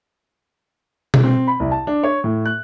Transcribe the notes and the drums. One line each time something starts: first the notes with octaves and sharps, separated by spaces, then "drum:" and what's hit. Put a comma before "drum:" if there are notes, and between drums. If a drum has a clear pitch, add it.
drum: tom B2
C4
B5
C2
A5
D4
C#5
A2
F#6